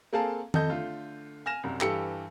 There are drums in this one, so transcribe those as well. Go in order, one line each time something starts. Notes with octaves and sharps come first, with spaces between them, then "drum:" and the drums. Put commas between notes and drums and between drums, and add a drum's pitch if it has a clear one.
A#3 C4 G#4 A4 F5 A5
F2 A4 D#5 G6, drum: tom D#3
D3 A3 F4
G#5 F6 A#6 E7
C2 F#2
G2 E3 G4 A4 E6 C#7, drum: clap